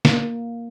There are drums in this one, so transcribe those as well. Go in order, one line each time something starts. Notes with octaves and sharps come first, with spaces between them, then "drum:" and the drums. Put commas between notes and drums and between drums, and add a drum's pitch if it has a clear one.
A#3, drum: snare